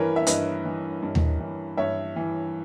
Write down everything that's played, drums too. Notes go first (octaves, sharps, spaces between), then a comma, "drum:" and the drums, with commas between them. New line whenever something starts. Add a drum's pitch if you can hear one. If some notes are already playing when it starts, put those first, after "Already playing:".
Already playing: G2 E3 A#4 B4 C#5
E5
G2 B4 D#5, drum: hi-hat
E3
G2
drum: tom D#2
E3
G2 C#5 E5
E3